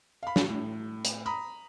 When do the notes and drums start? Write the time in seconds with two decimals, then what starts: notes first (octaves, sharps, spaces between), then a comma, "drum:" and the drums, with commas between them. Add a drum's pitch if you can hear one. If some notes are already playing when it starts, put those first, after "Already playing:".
0.23 F5 B5
0.36 drum: snare
0.49 A2
1.05 drum: hi-hat
1.26 A#5 B5 D#6